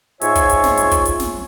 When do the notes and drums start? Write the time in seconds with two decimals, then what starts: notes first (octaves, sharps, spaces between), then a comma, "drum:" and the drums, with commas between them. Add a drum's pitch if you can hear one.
0.21 G#2 F4 C#5 E5 G#5 C#6, drum: hi-hat
0.35 drum: kick, hi-hat
0.49 drum: hi-hat
0.63 drum: snare
0.77 drum: hi-hat
0.91 drum: kick, hi-hat
1.05 drum: hi-hat
1.19 drum: snare